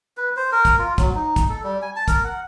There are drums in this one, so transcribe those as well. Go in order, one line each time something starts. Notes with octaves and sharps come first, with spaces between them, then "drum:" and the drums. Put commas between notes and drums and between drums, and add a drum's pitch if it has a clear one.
B4
C5
A#4
drum: kick, hi-hat
F4
F#3, drum: kick, hi-hat
D#4
drum: kick, hi-hat
A4
G3
G#5
A5
A#4, drum: kick, hi-hat
F#5